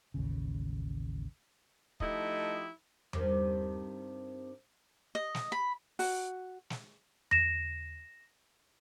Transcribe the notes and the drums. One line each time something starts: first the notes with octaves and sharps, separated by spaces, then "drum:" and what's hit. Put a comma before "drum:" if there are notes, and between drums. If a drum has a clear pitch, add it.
A1 D#2 C#3
F3 A3 D#4 E4 G4 D#5, drum: kick
G2 C3 D#3, drum: tom E2
D#5
drum: snare
B5
F#4, drum: open hi-hat
drum: snare
A#6 E7, drum: tom E2